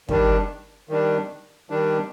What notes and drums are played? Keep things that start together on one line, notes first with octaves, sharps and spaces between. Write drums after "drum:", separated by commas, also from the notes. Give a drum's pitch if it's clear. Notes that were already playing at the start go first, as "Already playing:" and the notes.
D#3 G3 D4, drum: kick
D#3 G3 D4
D#3 G3 D4